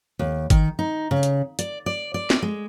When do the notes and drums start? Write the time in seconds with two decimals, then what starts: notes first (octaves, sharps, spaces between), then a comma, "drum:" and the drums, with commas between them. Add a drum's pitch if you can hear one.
0.19 D#2
0.50 D#3, drum: kick G1, hi-hat
0.79 D#4
1.11 C#3
1.23 drum: hi-hat
1.59 D5, drum: hi-hat
1.86 D5
2.14 D5
2.30 drum: snare
2.42 G#3